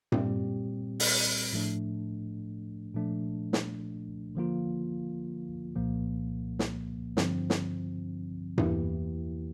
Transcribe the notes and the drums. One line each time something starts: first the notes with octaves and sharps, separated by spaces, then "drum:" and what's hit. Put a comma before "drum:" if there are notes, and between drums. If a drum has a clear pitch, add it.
A#2 G3 C4 G4, drum: tom G2
drum: open hi-hat
A2 F3 A3 D4
A#2 F3 A3 D4
drum: snare
D3 F3 A#3 F4
C2 A#2 F3 A#3
drum: snare
G2 D3 F3 C4, drum: snare
drum: snare
E2 E3 A#3 E4 G4, drum: tom G2